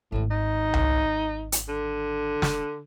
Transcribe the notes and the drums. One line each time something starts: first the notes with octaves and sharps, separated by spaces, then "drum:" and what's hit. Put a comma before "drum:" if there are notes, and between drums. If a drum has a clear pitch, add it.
G#1 A2 D#3
D#4
drum: tom C2
drum: hi-hat
D3
drum: snare